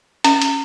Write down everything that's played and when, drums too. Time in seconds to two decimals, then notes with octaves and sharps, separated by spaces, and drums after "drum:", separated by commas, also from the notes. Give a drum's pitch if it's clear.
0.24 C#4, drum: hi-hat
0.42 drum: hi-hat